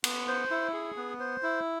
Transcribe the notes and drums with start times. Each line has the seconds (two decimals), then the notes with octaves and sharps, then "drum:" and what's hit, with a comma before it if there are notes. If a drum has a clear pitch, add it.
0.04 B3, drum: cymbal
0.28 C5
0.51 E4
0.73 G#4
0.96 B3
1.20 C5
1.43 E4